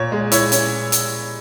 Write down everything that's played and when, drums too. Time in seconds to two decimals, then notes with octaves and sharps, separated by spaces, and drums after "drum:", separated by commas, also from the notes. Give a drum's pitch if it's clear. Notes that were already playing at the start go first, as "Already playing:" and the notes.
Already playing: A#2 C#5
0.12 G#3
0.32 E4 C#5, drum: hi-hat
0.52 C#4, drum: hi-hat
0.92 drum: hi-hat